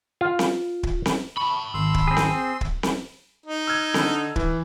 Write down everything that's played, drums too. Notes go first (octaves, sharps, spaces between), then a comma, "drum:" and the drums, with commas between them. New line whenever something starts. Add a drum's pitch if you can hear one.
F4
drum: snare C4
drum: kick
drum: snare C4
A5 B5 C#6
G#1 C6 E6
drum: kick
C4 G#4
drum: snare C4
drum: kick
drum: snare C4
D#4
E6 F6 G#6
D3, drum: snare C4
E3, drum: kick